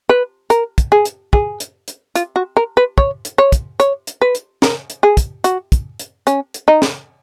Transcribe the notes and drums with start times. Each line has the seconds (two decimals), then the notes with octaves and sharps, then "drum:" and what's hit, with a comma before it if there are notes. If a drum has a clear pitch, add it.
0.09 B4
0.50 A#4, drum: hi-hat
0.78 drum: kick, hi-hat
0.92 G#4
1.05 drum: hi-hat
1.33 G#4, drum: kick
1.60 drum: hi-hat
1.88 drum: hi-hat
2.15 F4, drum: hi-hat
2.36 F#4
2.57 A#4
2.77 B4
2.98 C#5, drum: kick
3.25 drum: hi-hat
3.38 C#5
3.52 drum: kick, hi-hat
3.80 C#5, drum: hi-hat
4.07 drum: hi-hat
4.22 B4
4.35 drum: hi-hat
4.62 A#4, drum: snare
4.90 drum: hi-hat
5.03 G#4
5.17 drum: kick, hi-hat
5.44 F#4, drum: hi-hat
5.72 drum: kick, hi-hat
5.99 drum: hi-hat
6.27 C#4, drum: hi-hat
6.54 drum: hi-hat
6.68 D#4
6.82 drum: snare